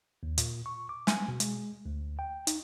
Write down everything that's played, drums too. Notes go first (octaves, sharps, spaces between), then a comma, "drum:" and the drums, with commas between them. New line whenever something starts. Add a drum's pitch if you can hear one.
D#2
A#2, drum: hi-hat
C#6
D6
G#5, drum: snare
B2
G#3, drum: hi-hat
D2
G5
D#4, drum: hi-hat